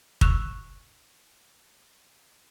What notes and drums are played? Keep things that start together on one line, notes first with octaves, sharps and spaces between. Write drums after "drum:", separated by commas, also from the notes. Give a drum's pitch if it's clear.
C#6 E6 F#6 E7 F7, drum: kick